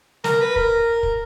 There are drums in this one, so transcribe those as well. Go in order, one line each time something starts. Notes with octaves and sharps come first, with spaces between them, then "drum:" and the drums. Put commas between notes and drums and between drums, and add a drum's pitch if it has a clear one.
A#4, drum: snare
B4
A#4, drum: kick
drum: kick